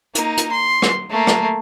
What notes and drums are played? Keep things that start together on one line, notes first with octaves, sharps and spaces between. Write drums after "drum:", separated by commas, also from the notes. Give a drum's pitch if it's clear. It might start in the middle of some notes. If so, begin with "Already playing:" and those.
A#3 D#4, drum: hi-hat
drum: hi-hat
C6
drum: rim click
A3 A#3
drum: rim click